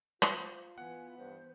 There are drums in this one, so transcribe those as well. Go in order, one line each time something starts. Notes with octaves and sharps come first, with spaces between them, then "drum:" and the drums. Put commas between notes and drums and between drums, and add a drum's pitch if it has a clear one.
F4 C5, drum: rim click
E3 B3 F#5 G#5
G2 C5